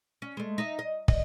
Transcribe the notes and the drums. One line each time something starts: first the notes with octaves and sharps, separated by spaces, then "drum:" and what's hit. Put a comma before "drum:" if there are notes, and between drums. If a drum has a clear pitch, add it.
C#4
G#3 A3
D#4 E5
D#5
D#5, drum: kick